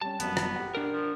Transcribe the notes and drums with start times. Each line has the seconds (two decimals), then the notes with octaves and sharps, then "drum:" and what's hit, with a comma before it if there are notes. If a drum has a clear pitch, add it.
0.01 G3 C#4 A5
0.20 G1 F#2 B3, drum: hi-hat
0.37 drum: rim click
0.56 G4 F#5
0.75 D4 A#4
0.93 F3